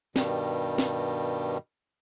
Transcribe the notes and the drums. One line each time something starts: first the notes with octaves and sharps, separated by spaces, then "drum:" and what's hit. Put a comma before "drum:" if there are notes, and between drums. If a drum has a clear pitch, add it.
G2 B2 D#3 G3, drum: snare
drum: snare